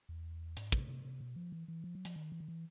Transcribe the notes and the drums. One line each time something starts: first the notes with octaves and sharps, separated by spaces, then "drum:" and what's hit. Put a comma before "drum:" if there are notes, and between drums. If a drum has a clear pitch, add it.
E2
G#2, drum: hi-hat
C3, drum: kick
C3
C3
B2
F3
E3
E3
F3
F#3
F3, drum: hi-hat
D#3
E3
D#3
E3